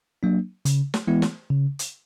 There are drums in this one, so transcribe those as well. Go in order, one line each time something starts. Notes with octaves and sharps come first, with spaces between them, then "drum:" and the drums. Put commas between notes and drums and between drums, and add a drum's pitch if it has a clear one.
F#3 A#3 D4
C#3, drum: hi-hat
drum: snare
E3 G#3 B3 E4
drum: snare
C#3
drum: hi-hat